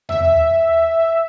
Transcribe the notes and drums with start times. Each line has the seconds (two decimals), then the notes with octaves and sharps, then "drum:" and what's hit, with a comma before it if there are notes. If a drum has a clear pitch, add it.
0.09 E5, drum: tom D#2